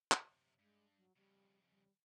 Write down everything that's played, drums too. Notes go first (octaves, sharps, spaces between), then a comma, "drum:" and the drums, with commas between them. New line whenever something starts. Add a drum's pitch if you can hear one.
F#2 C3, drum: clap
G2 G#3
F#3
F2 C#3 G3
G3